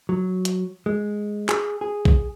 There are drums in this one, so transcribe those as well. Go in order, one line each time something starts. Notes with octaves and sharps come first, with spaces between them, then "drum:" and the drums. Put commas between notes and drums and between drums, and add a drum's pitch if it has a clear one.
F#3
drum: hi-hat
G#3
G#4, drum: clap
G#4
drum: kick